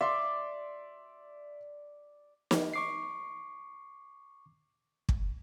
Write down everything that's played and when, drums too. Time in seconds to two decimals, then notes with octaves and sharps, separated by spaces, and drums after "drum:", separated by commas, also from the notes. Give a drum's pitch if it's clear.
0.01 D5 E5 C6
2.51 drum: snare
2.74 C#6 D6 C7
5.09 drum: kick